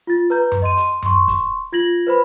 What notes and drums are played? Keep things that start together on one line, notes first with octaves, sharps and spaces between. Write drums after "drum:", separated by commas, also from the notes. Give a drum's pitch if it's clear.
F4 A6
B4 A#5 G6
drum: tom F#2
D#5 C6 D#7
drum: hi-hat
C6 C#6, drum: tom F#2
drum: kick, hi-hat
F4 G#6 A#6 F#7
B4 C5 B5